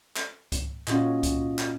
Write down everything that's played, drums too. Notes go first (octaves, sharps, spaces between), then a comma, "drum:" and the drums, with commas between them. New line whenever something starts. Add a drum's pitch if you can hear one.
drum: clap
drum: kick C#2, hi-hat
A#2 C#4 F4 F#4 D#5, drum: clap
drum: kick C#2, hi-hat
drum: clap